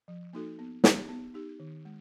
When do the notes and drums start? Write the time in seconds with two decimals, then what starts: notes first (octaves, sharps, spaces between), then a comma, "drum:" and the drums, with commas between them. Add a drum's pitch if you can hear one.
0.08 F3
0.33 A#3 D#4 F#4 A4
0.59 B3
0.84 D#4 G4, drum: snare
1.09 B3
1.34 D#4 G4
1.60 D#3
1.85 G#3